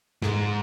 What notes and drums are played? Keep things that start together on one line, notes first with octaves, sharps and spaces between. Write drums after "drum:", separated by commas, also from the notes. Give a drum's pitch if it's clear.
G#2, drum: snare